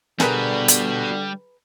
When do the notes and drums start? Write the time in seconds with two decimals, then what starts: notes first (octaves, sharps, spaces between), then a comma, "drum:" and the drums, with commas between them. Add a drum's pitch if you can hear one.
0.20 D3 G3 B3 F#4 G#4 A#4 B4, drum: snare
0.68 drum: hi-hat